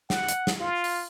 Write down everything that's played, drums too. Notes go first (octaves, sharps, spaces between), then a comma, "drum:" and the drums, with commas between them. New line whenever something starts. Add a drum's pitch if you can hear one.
F#5, drum: snare
drum: hi-hat
drum: snare
F4
drum: open hi-hat